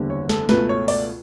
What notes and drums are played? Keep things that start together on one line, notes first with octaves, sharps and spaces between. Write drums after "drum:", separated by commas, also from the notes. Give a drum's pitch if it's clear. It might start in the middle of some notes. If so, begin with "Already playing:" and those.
Already playing: F#1 E2 D3 G3 D4
C#5
A4, drum: snare
C#2 B2 A3 B4, drum: snare
C#5
D5, drum: open hi-hat